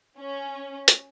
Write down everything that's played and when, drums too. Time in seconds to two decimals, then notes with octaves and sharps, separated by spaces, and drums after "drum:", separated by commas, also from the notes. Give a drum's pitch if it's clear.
0.19 C#4
0.88 drum: hi-hat